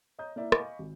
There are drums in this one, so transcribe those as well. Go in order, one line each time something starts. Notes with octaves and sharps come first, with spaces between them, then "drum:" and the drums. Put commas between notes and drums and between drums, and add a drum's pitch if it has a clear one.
C#5 D#5 A#5 D#6 G6
A#3 E4 D5 E5
D#5 F5 G#5 B5 C#6 D6, drum: rim click
G#1